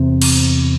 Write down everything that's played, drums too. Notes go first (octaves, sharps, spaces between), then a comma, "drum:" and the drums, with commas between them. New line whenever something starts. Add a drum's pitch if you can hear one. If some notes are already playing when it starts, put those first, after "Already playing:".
Already playing: E2 C3 C4
drum: cymbal